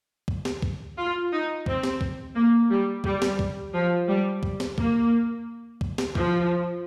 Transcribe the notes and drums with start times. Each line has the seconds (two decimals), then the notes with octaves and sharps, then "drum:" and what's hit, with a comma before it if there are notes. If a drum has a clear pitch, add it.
0.28 drum: kick
0.45 drum: snare
0.62 drum: kick
0.98 F4
1.32 D#4
1.66 C4, drum: kick
1.83 drum: snare
2.01 drum: kick
2.35 A#3
2.70 G3
3.04 G3, drum: kick
3.22 drum: snare
3.39 drum: kick
3.74 F3
4.08 G3
4.43 drum: kick
4.60 drum: snare
4.78 A#3, drum: kick
5.81 drum: kick
5.98 drum: snare
6.15 F3, drum: kick